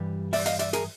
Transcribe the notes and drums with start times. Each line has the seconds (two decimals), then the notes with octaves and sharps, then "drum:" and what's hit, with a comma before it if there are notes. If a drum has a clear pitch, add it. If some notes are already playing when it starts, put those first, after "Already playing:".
Already playing: G2 E3 G3
0.33 D5 E5, drum: open hi-hat
0.46 D#5 F5, drum: hi-hat
0.59 D5 E5, drum: hi-hat
0.73 G#4 A#4, drum: hi-hat